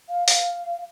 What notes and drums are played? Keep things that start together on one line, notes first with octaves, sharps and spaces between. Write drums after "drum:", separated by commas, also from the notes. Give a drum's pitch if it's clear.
F5
F5, drum: open hi-hat